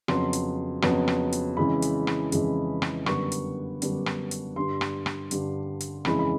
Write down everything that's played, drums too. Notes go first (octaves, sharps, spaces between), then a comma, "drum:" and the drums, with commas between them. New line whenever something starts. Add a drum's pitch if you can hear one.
F2 C#3 F#3 B3 C6, drum: rim click
drum: hi-hat
F2 C#3 F#3 B3, drum: rim click
drum: rim click
drum: hi-hat
F2 C#3 E3 G#3 B5
drum: hi-hat
drum: rim click
F2 C#3 E3 G#3, drum: hi-hat
drum: rim click
F#2 D3 G3 B3 D4 C#6, drum: rim click
drum: hi-hat
F#2 D3 G3 B3 D4, drum: hi-hat
drum: rim click
drum: hi-hat
G2 D3 G3 C6
drum: rim click
drum: rim click
G2 D3 G3, drum: hi-hat
drum: hi-hat
F2 C#3 E3 G#3 B5, drum: rim click
B5